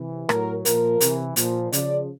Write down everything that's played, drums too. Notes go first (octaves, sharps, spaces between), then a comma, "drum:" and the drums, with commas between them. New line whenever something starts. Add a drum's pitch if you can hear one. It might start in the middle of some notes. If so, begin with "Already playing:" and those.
Already playing: C3 E3
A2 F#3 A#4, drum: rim click
A#2 F3 A#4, drum: hi-hat
C3 E3, drum: hi-hat
A#2 F3, drum: hi-hat
C#3 F3 D5, drum: hi-hat